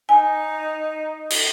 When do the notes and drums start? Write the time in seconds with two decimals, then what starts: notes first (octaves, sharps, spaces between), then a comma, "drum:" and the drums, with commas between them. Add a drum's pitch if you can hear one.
0.09 D#4 G#5
1.30 drum: cymbal